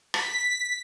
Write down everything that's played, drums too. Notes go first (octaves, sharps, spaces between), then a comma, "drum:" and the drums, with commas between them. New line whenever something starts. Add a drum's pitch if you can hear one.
B6, drum: rim click